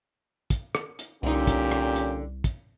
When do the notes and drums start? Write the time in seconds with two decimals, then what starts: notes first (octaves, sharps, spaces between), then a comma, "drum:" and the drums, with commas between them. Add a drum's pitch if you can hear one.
0.50 drum: kick, hi-hat
0.75 drum: rim click
0.99 drum: hi-hat
1.23 C2 A#2 D3 C#4 D#4 G4
1.47 drum: kick, hi-hat
1.72 drum: rim click
1.96 drum: hi-hat
2.44 drum: kick, hi-hat